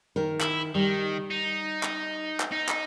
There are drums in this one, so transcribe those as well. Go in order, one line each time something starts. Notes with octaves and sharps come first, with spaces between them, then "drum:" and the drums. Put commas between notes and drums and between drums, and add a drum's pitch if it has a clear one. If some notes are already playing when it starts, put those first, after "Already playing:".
D#3 A#4
E4, drum: clap
D#3 G3
D#4
drum: clap
drum: clap
D#4
drum: clap